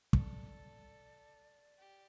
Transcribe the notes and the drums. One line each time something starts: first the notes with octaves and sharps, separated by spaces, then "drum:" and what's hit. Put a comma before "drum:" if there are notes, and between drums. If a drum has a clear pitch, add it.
A4 D5, drum: kick
G4